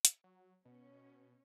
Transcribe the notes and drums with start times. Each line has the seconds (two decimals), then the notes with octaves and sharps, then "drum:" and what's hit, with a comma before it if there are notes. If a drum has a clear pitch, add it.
0.05 drum: hi-hat
0.24 F#3
0.65 B2 C#4